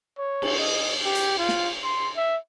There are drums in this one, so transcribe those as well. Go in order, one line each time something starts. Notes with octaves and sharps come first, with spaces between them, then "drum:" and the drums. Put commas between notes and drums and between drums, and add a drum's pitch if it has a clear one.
C#5
drum: cymbal
D#5
G4
drum: hi-hat
F4
drum: snare
C6
E5